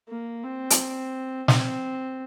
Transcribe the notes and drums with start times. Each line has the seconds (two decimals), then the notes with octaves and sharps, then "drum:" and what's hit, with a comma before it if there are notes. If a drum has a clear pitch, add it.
0.09 A#3
0.44 C4
0.70 drum: hi-hat
1.48 C4, drum: snare